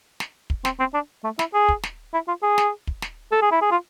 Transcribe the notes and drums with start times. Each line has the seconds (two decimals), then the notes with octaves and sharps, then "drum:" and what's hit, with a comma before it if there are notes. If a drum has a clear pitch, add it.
0.20 drum: snare
0.50 drum: kick
0.65 C4, drum: snare
0.80 C4
0.94 D4
1.24 A3
1.39 E4, drum: snare
1.54 G#4
1.69 drum: kick
1.83 drum: snare
2.13 E4
2.28 F4
2.43 G#4
2.58 drum: snare
2.87 drum: kick
3.02 drum: snare
3.32 A4
3.42 G#4
3.52 E4
3.62 G#4
3.72 F4